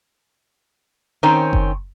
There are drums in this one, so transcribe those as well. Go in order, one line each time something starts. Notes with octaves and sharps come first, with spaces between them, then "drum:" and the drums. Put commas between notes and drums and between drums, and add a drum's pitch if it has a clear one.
D#3 C4 C#4 C5
drum: kick F#1